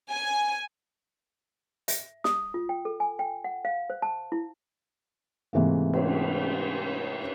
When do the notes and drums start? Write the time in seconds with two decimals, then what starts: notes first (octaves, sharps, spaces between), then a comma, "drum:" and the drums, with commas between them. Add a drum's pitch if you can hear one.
0.12 G#5
1.88 E5, drum: hi-hat
2.24 D#6, drum: snare
2.54 F4
2.69 G5
2.85 A4
3.00 G#5
3.19 G5
3.44 F#5
3.65 F5
3.90 C5
4.02 A5
4.32 E4
5.53 G#2 C3 E3 A3 A#3
5.93 drum: cymbal